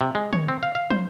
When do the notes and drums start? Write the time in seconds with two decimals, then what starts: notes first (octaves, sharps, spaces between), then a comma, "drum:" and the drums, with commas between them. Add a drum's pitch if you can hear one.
0.01 C3
0.15 G#3
0.33 C#5, drum: tom D3
0.48 C4
0.63 F5
0.75 F5
0.90 C5, drum: tom